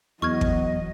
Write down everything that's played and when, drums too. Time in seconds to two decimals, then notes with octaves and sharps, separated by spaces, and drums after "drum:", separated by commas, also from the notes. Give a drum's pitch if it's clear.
0.22 E2 F#3 B3 D#5 C#6 F6 G#6
0.41 drum: kick